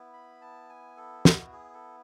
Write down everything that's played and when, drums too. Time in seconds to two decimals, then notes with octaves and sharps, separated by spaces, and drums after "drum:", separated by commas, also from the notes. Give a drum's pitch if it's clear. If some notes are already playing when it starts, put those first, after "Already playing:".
Already playing: B3 E4
0.13 B5
0.42 A5
0.69 G#5
0.97 A4
1.25 F#4, drum: snare
1.53 G#4
1.74 A4